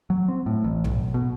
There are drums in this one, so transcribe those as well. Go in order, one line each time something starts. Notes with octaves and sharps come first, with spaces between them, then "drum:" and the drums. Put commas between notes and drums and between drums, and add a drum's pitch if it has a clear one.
F#3
C4
A2
A1
B1, drum: tom A#1
B2